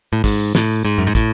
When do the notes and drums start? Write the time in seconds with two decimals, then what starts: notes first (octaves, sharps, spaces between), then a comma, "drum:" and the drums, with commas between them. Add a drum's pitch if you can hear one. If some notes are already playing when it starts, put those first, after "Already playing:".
0.13 A2
0.24 G#2, drum: kick, open hi-hat
0.55 A2, drum: snare
0.85 G#2
0.98 F#2
1.07 G#2
1.15 A2, drum: kick, hi-hat